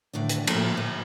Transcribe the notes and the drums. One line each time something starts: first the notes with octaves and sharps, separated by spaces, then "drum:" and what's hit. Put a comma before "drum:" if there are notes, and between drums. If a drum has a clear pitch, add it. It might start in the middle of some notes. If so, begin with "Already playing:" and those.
D#2 A2 D3 D5
drum: hi-hat
A2 F3 A3 A#3, drum: cymbal
A#2